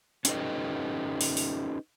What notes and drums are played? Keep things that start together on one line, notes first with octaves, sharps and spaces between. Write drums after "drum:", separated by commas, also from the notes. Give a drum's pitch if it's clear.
C#4 D#4 G4 A4 B4 D#5, drum: hi-hat
drum: open hi-hat
drum: open hi-hat